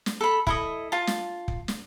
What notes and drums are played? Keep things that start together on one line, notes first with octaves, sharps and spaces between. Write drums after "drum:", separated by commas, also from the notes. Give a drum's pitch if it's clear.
drum: snare
A4 B5
E4 A4 D#5, drum: kick
F4 A5
drum: snare
drum: kick
drum: snare